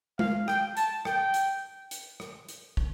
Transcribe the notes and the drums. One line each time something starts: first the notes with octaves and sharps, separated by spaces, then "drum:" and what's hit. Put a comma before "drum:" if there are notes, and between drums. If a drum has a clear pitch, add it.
F5, drum: tom G#3
G5, drum: rim click
A5, drum: hi-hat
G5, drum: rim click
drum: hi-hat
drum: hi-hat
drum: rim click
drum: hi-hat
drum: kick